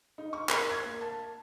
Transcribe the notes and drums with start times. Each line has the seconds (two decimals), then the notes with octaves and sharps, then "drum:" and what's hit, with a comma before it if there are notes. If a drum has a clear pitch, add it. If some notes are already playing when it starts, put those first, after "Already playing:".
0.18 D#4
0.33 C#6
0.49 A#4, drum: clap
0.70 G#6
0.85 A#3
1.01 A5